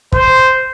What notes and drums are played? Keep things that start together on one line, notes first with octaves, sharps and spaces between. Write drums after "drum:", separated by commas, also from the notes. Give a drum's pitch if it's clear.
C5, drum: kick